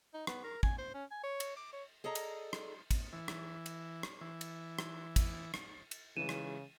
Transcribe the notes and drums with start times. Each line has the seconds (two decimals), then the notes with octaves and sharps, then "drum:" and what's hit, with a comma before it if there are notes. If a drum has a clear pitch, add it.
0.14 D#4
0.27 B3, drum: rim click
0.44 A#4
0.63 G#5, drum: kick
0.78 C5
0.94 C#4
1.11 G#5
1.24 C#5
1.40 drum: cymbal
1.57 D6
1.73 C#5
2.04 G#4 A4 D5 D#5 A#5
2.15 drum: cymbal
2.53 drum: rim click
2.91 drum: kick, cymbal
3.13 E3
3.28 drum: rim click
3.66 drum: cymbal
4.03 drum: rim click
4.21 E3
4.41 drum: cymbal
4.79 drum: rim click
5.16 drum: kick, cymbal
5.54 drum: rim click
5.91 drum: cymbal
6.17 C#3 E3 G#3 D#7 E7
6.29 drum: rim click